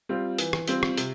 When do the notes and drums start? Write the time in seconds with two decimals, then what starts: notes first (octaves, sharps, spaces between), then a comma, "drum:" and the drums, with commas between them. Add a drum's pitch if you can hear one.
0.09 G3 C4 F4
0.39 E3, drum: hi-hat
0.53 drum: rim click
0.68 G3 C4 F4, drum: hi-hat
0.83 drum: rim click
0.97 C3, drum: hi-hat